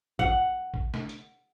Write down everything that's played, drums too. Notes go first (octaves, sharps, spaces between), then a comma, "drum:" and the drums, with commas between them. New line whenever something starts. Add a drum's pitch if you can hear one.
F#5, drum: kick
drum: kick
drum: snare
drum: hi-hat